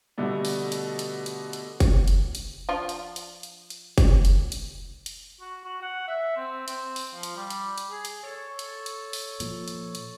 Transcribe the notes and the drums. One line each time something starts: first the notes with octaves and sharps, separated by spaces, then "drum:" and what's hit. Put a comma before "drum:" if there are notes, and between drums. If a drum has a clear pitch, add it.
B2 D3 G3 A3 D4
drum: open hi-hat
drum: hi-hat
drum: hi-hat
drum: hi-hat
drum: hi-hat
drum: kick, hi-hat
drum: hi-hat
drum: hi-hat
F3 D4 F4
drum: hi-hat
drum: hi-hat
drum: hi-hat
drum: hi-hat
drum: kick, hi-hat
drum: hi-hat
drum: hi-hat
drum: hi-hat
F#4
F#4
F#5
E5
C4
C4, drum: hi-hat
drum: open hi-hat
F3
drum: hi-hat
G3
drum: hi-hat
drum: hi-hat
G#4
drum: hi-hat
A4 C#5
drum: hi-hat
drum: hi-hat
drum: open hi-hat
A#2 F3, drum: hi-hat
drum: hi-hat
drum: hi-hat